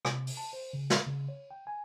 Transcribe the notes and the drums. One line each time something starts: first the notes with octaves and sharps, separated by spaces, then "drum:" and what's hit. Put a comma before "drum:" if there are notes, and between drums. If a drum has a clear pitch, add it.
C3, drum: rim click
drum: open hi-hat
A5
C5
C#3
drum: snare
C#3
C#5
G5
G#5